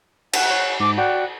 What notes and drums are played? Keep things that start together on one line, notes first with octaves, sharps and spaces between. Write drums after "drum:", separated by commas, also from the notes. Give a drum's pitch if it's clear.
F#5, drum: cymbal
C#5
G#2 D6
F#4 D5 F#5 G5